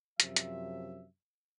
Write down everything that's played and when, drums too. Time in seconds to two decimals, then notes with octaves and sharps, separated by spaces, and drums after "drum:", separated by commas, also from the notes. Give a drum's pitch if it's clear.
0.20 F#2 C3 F3 E5, drum: hi-hat
0.36 drum: hi-hat